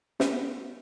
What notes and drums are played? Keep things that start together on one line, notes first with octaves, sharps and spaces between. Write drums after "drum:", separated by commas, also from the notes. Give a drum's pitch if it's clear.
C#4, drum: snare
B3